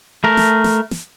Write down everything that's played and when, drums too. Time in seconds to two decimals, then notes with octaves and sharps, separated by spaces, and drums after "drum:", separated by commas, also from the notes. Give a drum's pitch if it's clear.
0.24 A3 A#4
0.37 drum: snare
0.64 drum: snare
0.91 drum: snare